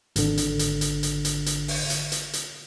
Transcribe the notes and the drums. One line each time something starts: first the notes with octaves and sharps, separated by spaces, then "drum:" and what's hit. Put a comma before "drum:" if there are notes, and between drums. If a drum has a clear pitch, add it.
G#1 D3, drum: hi-hat
drum: hi-hat
drum: hi-hat
drum: hi-hat
drum: hi-hat
drum: hi-hat
drum: hi-hat
drum: open hi-hat
drum: hi-hat
drum: hi-hat
drum: hi-hat